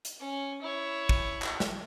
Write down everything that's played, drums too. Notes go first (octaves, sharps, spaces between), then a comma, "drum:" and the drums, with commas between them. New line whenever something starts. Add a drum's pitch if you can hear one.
drum: hi-hat
C#4
E4 C#5
drum: kick
drum: clap
drum: snare